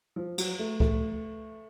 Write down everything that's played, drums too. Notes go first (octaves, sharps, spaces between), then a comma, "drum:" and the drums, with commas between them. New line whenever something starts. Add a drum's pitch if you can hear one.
F3
F#3, drum: cymbal
A3
A3, drum: kick C#2